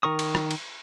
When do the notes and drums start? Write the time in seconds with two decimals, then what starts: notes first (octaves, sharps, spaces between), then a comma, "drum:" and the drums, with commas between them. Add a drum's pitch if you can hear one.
0.03 D#3 A#4 C#6 D#6
0.19 drum: cymbal
0.35 drum: rim click
0.51 drum: cymbal